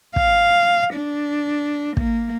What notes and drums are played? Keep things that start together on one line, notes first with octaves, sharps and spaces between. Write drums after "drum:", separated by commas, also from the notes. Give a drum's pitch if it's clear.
F5, drum: kick
D4
A#3, drum: kick